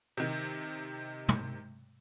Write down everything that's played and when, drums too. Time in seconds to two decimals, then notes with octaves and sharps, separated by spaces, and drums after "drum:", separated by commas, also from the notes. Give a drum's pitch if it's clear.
0.17 C3 D#3
1.28 drum: tom